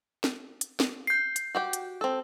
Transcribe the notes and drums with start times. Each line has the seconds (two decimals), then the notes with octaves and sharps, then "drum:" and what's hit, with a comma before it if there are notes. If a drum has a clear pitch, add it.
0.24 drum: snare
0.61 drum: hi-hat
0.80 drum: snare
1.07 G6 C7
1.36 drum: hi-hat
1.55 F#4 G4 G5
1.73 drum: hi-hat
2.01 C4 A4